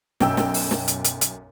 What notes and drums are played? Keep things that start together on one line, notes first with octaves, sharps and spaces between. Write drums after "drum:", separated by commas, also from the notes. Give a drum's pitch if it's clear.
B1 F#2 G5 E6, drum: snare
drum: snare
drum: open hi-hat
drum: snare
drum: hi-hat
drum: hi-hat
drum: hi-hat